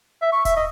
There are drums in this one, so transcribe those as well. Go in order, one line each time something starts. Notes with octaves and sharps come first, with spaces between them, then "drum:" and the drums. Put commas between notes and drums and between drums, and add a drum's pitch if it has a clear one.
E5
C#6
E5, drum: kick D#1, hi-hat
D#5